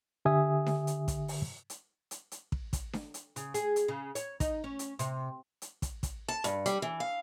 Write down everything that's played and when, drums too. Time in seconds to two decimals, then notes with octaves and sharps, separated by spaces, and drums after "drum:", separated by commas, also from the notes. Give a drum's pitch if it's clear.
0.25 D3 G4 E5 G#5 D#6
0.66 drum: snare D4
0.87 drum: hi-hat
1.08 drum: kick, hi-hat
1.28 drum: open hi-hat
1.70 drum: hi-hat
2.11 drum: hi-hat
2.32 drum: hi-hat
2.52 drum: kick
2.73 drum: kick, hi-hat
2.93 drum: snare D4
3.14 drum: hi-hat
3.36 C#3, drum: hi-hat
3.54 G#4, drum: hi-hat
3.76 drum: hi-hat
3.88 C#3
4.15 C#5, drum: hi-hat
4.40 D#4, drum: kick, hi-hat
4.64 C#4
4.79 drum: hi-hat
4.99 C3, drum: hi-hat
5.62 drum: hi-hat
5.82 drum: kick, hi-hat
6.03 drum: kick, hi-hat
6.28 A5
6.44 G2, drum: hi-hat
6.66 G3, drum: hi-hat
6.82 E3
7.00 F5